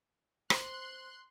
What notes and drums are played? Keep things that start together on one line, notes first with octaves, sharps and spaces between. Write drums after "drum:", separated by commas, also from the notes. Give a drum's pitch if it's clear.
C5 C6 F#6, drum: rim click